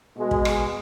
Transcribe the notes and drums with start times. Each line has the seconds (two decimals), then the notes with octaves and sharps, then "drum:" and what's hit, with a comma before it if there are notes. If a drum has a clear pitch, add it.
0.17 B2 G#3
0.31 drum: kick
0.45 drum: rim click